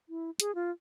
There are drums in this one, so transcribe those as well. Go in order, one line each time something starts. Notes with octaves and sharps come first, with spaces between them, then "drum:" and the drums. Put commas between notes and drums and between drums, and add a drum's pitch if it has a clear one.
E4
G#4, drum: hi-hat
F4